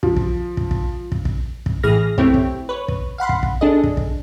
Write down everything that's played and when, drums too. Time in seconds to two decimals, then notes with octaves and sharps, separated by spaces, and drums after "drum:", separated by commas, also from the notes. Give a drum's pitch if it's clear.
0.03 F3, drum: kick
0.16 drum: kick
0.57 drum: kick
0.71 drum: kick
1.12 drum: kick
1.25 drum: kick
1.66 drum: kick
1.83 A2 E3 G#4 F6 A#6
2.18 A3 C4 E4 G4 C#5, drum: kick
2.34 drum: kick
2.69 B4 C#5
2.88 drum: kick
3.18 F5 F#5 B5 C6
3.29 drum: kick
3.43 drum: kick
3.61 D4 G#4 A4 D#5
3.84 drum: kick
3.97 drum: kick